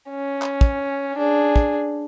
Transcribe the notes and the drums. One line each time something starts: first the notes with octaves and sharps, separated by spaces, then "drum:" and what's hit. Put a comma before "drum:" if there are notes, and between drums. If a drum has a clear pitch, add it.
C#4
drum: clap
drum: kick
D4 G#4
drum: kick